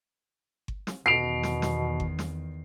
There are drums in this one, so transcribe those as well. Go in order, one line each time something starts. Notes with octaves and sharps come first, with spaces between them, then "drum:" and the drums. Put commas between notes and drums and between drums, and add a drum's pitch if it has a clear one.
drum: kick G1
drum: snare
E2 B2 D#3 C7 D7 F7
drum: snare
drum: snare
drum: kick G1
drum: snare